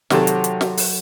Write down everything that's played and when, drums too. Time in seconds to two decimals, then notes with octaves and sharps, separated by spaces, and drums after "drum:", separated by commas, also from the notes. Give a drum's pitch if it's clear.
0.10 C3 D#3 F#3 A4, drum: snare
0.27 drum: hi-hat
0.44 drum: hi-hat
0.61 drum: snare
0.77 drum: open hi-hat